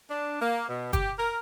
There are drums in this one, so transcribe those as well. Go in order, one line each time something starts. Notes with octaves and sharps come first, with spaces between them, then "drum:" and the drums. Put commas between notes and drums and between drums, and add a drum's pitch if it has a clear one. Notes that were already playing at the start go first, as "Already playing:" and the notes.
D4
A#3
B2
G4, drum: kick, hi-hat
A#4